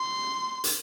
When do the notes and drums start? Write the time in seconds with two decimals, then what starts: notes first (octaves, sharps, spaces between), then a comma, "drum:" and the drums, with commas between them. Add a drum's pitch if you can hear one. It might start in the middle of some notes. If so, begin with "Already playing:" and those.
Already playing: C6
0.64 drum: hi-hat